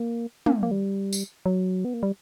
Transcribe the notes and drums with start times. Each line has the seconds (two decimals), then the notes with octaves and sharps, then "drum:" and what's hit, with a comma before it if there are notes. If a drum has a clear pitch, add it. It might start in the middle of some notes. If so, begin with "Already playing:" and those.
Already playing: A#3
0.46 A#3, drum: tom
0.63 A#3
0.71 G3
1.13 drum: tambourine
1.46 F#3
1.85 B3
1.94 A#3
2.03 G3